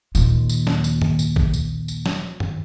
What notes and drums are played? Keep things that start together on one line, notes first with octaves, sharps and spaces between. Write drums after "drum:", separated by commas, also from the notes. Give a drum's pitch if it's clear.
D#2 A#2, drum: tambourine
drum: tambourine
drum: snare
drum: tambourine
drum: tom
drum: tambourine
drum: kick
drum: tambourine
drum: tambourine
drum: snare
drum: tom